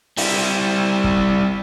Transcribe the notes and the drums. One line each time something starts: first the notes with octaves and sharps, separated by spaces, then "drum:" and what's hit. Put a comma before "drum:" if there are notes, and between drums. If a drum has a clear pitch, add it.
G3 E4, drum: open hi-hat
drum: kick